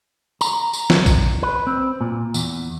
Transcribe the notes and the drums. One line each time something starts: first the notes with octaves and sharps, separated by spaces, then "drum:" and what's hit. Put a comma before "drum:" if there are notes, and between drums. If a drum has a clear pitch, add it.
A#5, drum: tambourine
drum: tambourine
drum: snare
drum: kick A#1, tambourine
B4
C4
A#2
E2, drum: tambourine